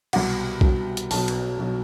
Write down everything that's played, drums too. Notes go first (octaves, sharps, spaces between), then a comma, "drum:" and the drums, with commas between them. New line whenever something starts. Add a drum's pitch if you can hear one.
C2 B2 F#5, drum: cymbal
C2 B2, drum: kick B1
drum: hi-hat
B1 B2 A5, drum: open hi-hat
drum: cymbal
B1 B2